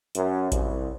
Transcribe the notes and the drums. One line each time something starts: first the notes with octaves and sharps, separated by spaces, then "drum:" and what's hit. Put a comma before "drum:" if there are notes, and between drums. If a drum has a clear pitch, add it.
F#2, drum: hi-hat
C2, drum: kick A1, hi-hat